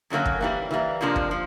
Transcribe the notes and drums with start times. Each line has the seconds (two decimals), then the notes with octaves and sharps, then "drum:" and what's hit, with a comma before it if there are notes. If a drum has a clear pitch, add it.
0.10 F#2 D3 F#3 A#3 C#4
0.26 drum: kick
0.41 E3 G3 A#3
0.71 E3 G3 A#3
1.01 F2 C3 F3 A#3 D4
1.16 drum: kick
1.31 F3